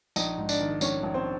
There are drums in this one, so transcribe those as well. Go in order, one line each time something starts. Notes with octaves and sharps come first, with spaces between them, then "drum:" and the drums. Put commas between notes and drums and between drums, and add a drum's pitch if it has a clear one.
A#1 D#4 D#5, drum: tambourine
G#2
D4 D5, drum: tambourine
D#3
A#1 C#4 C#5, drum: tambourine
A#1
C4 C5